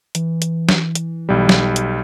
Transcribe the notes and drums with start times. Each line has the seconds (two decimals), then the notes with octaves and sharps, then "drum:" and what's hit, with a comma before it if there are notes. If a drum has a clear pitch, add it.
0.15 E3, drum: hi-hat
0.42 drum: hi-hat
0.69 drum: snare
0.95 drum: hi-hat
1.29 B1 G3
1.49 drum: snare
1.76 drum: hi-hat